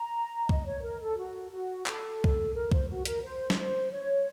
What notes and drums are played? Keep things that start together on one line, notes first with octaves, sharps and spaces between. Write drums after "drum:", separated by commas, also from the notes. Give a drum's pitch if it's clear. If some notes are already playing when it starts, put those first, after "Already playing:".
Already playing: A#5
D#5, drum: kick C2
C#5
A#4
A4
F#4
F#4
A4, drum: clap
drum: kick C2
A#4
C5, drum: kick C2
F#4
A#4, drum: hi-hat
C5
drum: snare
C#5